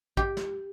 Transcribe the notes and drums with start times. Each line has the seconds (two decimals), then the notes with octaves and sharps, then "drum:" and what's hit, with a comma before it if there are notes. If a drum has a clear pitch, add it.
0.17 G4, drum: kick A1
0.37 drum: snare